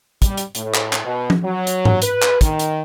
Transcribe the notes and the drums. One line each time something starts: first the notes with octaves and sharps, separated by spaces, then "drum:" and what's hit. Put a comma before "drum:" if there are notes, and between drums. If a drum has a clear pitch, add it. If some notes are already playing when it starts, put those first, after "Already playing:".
G3, drum: kick, hi-hat
drum: hi-hat
A2, drum: hi-hat
drum: clap
drum: clap
B2
drum: tom F3
F#3
drum: hi-hat
drum: tom G#2
B4, drum: hi-hat
drum: clap
D#3, drum: kick, hi-hat
drum: hi-hat